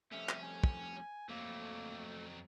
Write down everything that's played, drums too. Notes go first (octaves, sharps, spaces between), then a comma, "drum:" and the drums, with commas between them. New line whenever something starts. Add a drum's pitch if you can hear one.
F2 G3 A3 C#4 E5
drum: clap
G#5
drum: kick
F2 F#3 A3 A#3